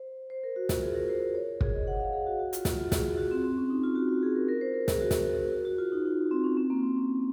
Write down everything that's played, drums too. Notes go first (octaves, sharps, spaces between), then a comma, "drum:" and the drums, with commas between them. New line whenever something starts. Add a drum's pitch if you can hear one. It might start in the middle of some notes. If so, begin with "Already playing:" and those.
Already playing: C5
C5
A#4
F#4
F4, drum: snare
G#4
A#4
C5
C#5
G#4, drum: kick
D#5
F#5
F5
G#4
F#4
F#4
F4, drum: hi-hat
F4, drum: snare
F4
G#4, drum: snare
F#4
G#4
F#4
C4
C4
C#4
D#4
F4
F#4
F#4
G#4
A#4
A#4
C5
A#4
G#4, drum: snare
F#4
drum: snare
F#4
F#4
F4
D#4
D#4
C4
C#4
C4
A#3
C4
C#4